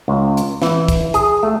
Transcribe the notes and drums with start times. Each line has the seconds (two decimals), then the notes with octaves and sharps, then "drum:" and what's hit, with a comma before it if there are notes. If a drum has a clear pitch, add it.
0.08 C#2
0.37 drum: hi-hat
0.62 E3, drum: snare
0.88 drum: kick, hi-hat
1.14 G#4, drum: hi-hat
1.43 A3